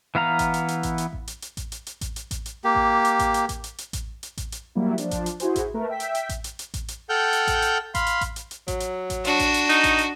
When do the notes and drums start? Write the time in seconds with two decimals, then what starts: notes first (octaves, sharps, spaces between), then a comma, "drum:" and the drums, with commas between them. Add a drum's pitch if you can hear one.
0.15 E3 B3 F5 A#5
0.39 drum: kick A1, hi-hat
0.54 drum: hi-hat
0.68 drum: hi-hat
0.83 drum: kick A1, hi-hat
0.98 drum: hi-hat
1.13 drum: kick A1
1.27 drum: hi-hat
1.42 drum: hi-hat
1.57 drum: kick A1, hi-hat
1.72 drum: hi-hat
1.87 drum: hi-hat
2.01 drum: kick A1, hi-hat
2.16 drum: hi-hat
2.31 drum: kick A1, hi-hat
2.46 drum: hi-hat
2.64 A#3 G4
2.75 drum: kick A1
3.05 drum: hi-hat
3.19 drum: kick A1, hi-hat
3.34 drum: hi-hat
3.49 drum: kick A1, hi-hat
3.64 drum: hi-hat
3.78 drum: hi-hat
3.93 drum: kick A1, hi-hat
4.23 drum: hi-hat
4.37 drum: kick A1, hi-hat
4.52 drum: hi-hat
4.75 F#3 G3 A#3 E4
4.98 F3 D4, drum: hi-hat
5.11 drum: kick A1, hi-hat
5.26 drum: hi-hat
5.40 E4 F#4 G#4 C5, drum: hi-hat
5.56 drum: kick A1, hi-hat
5.74 A3 A#4 B4
5.89 E5 G5 B6
6.00 drum: hi-hat
6.15 drum: hi-hat
6.29 drum: kick A1, hi-hat
6.44 drum: hi-hat
6.59 drum: hi-hat
6.74 drum: kick A1, hi-hat
6.88 drum: hi-hat
7.09 A4 F#5 G5 F6 G6
7.33 drum: hi-hat
7.47 drum: kick A1, hi-hat
7.62 drum: hi-hat
7.95 F5 B5 C6, drum: kick A1, hi-hat
8.07 drum: hi-hat
8.21 drum: kick A1, hi-hat
8.36 drum: hi-hat
8.51 drum: hi-hat
8.68 F#3, drum: kick A1, hi-hat
8.80 drum: hi-hat
9.10 drum: kick A1, hi-hat
9.25 D4 F#4, drum: hi-hat
9.39 drum: kick A1, hi-hat
9.54 drum: hi-hat
9.69 D#4, drum: hi-hat
9.84 drum: kick A1, hi-hat
9.98 drum: hi-hat